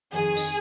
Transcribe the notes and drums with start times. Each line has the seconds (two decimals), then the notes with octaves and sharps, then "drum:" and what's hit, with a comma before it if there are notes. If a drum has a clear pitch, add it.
0.13 F2 D#3 G#4
0.37 drum: tambourine